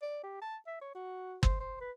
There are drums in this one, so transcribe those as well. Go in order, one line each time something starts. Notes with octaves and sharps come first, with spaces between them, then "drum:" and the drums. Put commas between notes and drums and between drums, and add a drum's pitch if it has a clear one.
D5
G4
A5
E5
C#5
F#4
C5, drum: kick
C5
B4